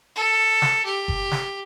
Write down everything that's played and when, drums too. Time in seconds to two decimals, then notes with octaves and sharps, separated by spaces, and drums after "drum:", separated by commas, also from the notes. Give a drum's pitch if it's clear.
0.15 A4
0.62 drum: snare
0.85 G4
1.08 drum: kick F#1
1.31 drum: snare